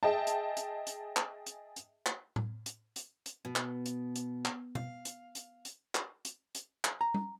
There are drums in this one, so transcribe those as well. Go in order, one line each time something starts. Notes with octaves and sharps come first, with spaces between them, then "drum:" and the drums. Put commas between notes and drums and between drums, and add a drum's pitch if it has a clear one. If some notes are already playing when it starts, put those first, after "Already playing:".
G#4 D#5 E5 G5 A5
drum: hi-hat
drum: hi-hat
drum: hi-hat
drum: clap
drum: hi-hat
drum: hi-hat
drum: clap
drum: tom A2
drum: hi-hat
drum: hi-hat
drum: hi-hat
B2
drum: clap
drum: hi-hat
drum: hi-hat
drum: clap
F5, drum: tom B2
drum: hi-hat
drum: hi-hat
drum: hi-hat
drum: clap
drum: hi-hat
drum: hi-hat
drum: clap
A#5
drum: tom G3